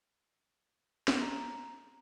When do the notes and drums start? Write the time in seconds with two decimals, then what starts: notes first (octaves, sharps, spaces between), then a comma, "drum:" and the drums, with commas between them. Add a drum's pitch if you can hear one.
1.08 drum: snare
1.22 A#5